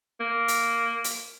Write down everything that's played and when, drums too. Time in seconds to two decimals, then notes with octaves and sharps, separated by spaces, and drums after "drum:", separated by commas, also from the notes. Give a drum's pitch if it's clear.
0.20 A#3
0.48 drum: hi-hat
1.04 drum: hi-hat